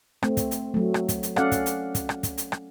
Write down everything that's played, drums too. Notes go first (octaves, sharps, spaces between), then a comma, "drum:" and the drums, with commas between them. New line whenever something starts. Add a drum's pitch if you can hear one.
A3 C4, drum: rim click
drum: kick, hi-hat
drum: hi-hat
F#3 A3
drum: rim click
drum: kick, hi-hat
drum: hi-hat
C#4 A4 D5 F5 F#5, drum: rim click
drum: kick, hi-hat
drum: hi-hat
drum: kick, hi-hat
drum: rim click
drum: kick, hi-hat
drum: hi-hat
drum: rim click